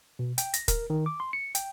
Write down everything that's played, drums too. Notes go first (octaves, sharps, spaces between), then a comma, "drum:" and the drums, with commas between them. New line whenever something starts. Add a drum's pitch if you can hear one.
B2
G5, drum: hi-hat
A#6, drum: hi-hat
A#4, drum: kick, hi-hat
D#3
D6
C6
C#7
G5, drum: hi-hat